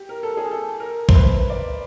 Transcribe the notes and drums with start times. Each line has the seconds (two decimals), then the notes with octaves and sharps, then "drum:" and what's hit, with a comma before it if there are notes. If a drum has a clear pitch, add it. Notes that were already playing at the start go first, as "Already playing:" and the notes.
Already playing: G4
0.09 A#4
0.23 A4
0.37 G#4
0.51 A4
0.80 A#4
1.09 C5, drum: kick
1.15 B4
1.50 D5